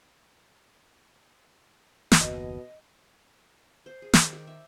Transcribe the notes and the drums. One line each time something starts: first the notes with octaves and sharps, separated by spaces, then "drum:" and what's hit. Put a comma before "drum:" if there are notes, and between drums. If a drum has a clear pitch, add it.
drum: snare
F#1 D#2 B2 D#5
C5
G#4
D#3, drum: snare
G4
E5